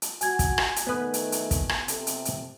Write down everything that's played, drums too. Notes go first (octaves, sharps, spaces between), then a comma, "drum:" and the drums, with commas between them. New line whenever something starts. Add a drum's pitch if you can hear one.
drum: hi-hat
F#4 G#5 G#6, drum: hi-hat
drum: kick, hi-hat
drum: rim click
drum: hi-hat
D#3 A3 B3 B4
drum: hi-hat
drum: hi-hat
drum: kick, hi-hat
drum: rim click
C3 A4, drum: hi-hat
drum: hi-hat
drum: hi-hat